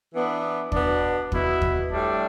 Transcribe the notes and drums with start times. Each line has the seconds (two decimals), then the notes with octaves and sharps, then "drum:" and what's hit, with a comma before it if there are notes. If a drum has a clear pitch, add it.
0.13 E3 B3 D4
0.72 B2 B3 D4, drum: kick
1.32 B2 B3 E4, drum: kick
1.62 drum: kick
1.91 A2 G3 D4